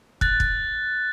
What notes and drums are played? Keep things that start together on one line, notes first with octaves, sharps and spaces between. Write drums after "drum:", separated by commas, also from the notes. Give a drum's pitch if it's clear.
F#6 A6, drum: kick
drum: kick